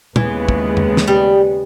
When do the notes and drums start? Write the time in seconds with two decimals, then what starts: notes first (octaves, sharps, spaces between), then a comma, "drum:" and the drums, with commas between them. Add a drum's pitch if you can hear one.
0.16 D#2 C#3 E3 G#3 B3, drum: tom
0.49 drum: kick
0.77 drum: tom F2
0.97 drum: snare
1.08 G3